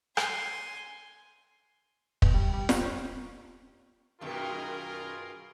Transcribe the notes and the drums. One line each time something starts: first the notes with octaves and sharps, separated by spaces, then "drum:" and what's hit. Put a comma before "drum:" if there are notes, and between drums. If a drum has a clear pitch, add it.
G#5 C6, drum: rim click
B2, drum: kick
G3
G3
G4, drum: snare
C#4
F#2 B2 D#3 F4 G#4 A#4